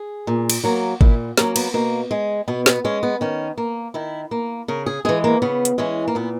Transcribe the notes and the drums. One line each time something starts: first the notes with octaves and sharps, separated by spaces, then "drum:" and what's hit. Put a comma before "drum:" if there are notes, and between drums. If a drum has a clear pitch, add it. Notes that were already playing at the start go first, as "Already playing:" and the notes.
Already playing: G#4
A#2
drum: cymbal
F#3 A#3
A#2 E4, drum: kick G#1
F#3 A#3 C#4, drum: snare
B3, drum: cymbal
B2 A#3
G#3
B2 B3
B3, drum: snare
G#3 C#4
B3
D#3 C#4
A#3
D#3 E4
A#3
C#3 A#4
G#4
E3 G#3 G#4
A#3
C#3 B3
drum: hi-hat
E3 G#3 C#4
A#3
A#2 B3